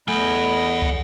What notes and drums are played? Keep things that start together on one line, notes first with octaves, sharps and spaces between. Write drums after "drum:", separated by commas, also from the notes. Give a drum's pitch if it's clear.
E2 A3 D#5 F#5 G#5 B5
drum: kick